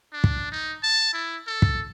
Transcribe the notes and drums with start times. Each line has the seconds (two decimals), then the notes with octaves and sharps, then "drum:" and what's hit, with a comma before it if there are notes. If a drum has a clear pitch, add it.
0.13 D4
0.24 drum: kick
0.52 D#4
0.83 A5
1.13 E4
1.47 A4
1.62 drum: kick